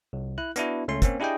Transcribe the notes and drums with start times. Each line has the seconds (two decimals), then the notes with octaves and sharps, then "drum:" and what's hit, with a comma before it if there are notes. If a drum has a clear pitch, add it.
0.13 C2
0.38 E4 F#6
0.56 B3 D4 E4 F#4, drum: hi-hat
0.88 C#2 A3 C#4 C6
1.02 A#3 C4 C#4, drum: kick, hi-hat
1.20 D4 E4 G4 G#4 D#5 G5